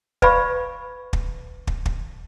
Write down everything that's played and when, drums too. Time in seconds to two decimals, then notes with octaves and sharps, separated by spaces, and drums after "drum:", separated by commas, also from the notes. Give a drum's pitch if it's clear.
0.22 B4 D5 F5 B5 C#6, drum: kick
1.13 drum: kick
1.67 drum: kick
1.86 drum: kick